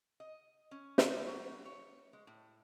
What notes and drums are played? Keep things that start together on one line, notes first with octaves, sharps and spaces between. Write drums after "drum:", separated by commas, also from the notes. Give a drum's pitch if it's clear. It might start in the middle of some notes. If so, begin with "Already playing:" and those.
D#5
C#4
D5, drum: snare
F#3
C#5
G#3
A2